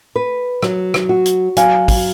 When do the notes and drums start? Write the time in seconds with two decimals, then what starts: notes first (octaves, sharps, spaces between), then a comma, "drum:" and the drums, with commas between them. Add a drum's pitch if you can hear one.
0.16 B4
0.63 F#3, drum: rim click
0.94 drum: rim click
1.09 F#4
1.26 drum: hi-hat
1.57 F#3 F5 G#5, drum: hi-hat
1.88 drum: kick, open hi-hat